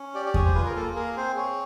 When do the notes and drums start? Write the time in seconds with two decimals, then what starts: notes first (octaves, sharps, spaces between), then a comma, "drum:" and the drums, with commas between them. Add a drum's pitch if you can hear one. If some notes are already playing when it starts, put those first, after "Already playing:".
Already playing: C#4
0.15 G4 D5
0.26 D5
0.34 G#4 C#5, drum: kick E2
0.46 C5
0.55 F4 B4
0.66 A#4
0.76 A#3 A4
0.96 G#4 A#4
1.16 C4 C5
1.37 G#4 C#5